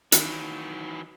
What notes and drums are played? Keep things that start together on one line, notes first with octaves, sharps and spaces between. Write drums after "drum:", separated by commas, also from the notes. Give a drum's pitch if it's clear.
D#3 E3 F#3 D#4, drum: hi-hat